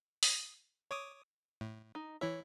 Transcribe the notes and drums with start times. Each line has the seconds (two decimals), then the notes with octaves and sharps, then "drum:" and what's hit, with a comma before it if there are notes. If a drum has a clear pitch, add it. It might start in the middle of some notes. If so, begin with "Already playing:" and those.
0.23 D#6, drum: open hi-hat
0.91 C#5 D6 D#6
1.61 A2
1.95 D#4
2.21 E3 E4 C#5 E5